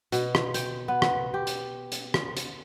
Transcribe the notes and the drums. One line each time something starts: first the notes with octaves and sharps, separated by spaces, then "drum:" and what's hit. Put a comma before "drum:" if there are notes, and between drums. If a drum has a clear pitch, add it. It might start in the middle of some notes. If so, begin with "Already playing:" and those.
B2, drum: hi-hat
drum: rim click
G5, drum: hi-hat
B3
drum: rim click
G4
drum: hi-hat
drum: hi-hat
drum: rim click
drum: hi-hat